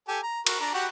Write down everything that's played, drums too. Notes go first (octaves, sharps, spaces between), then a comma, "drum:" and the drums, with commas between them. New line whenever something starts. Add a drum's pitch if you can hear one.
G4 A4 G#5
A#5
F#4 A#4, drum: cymbal
D4 A#5
F#4 G4 F#5